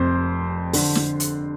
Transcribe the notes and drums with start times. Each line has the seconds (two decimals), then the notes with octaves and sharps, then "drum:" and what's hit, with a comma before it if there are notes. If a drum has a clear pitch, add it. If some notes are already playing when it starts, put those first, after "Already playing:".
Already playing: F1 F2 C3 C4 C5 C6
0.73 D3, drum: open hi-hat
0.95 drum: snare
1.20 drum: hi-hat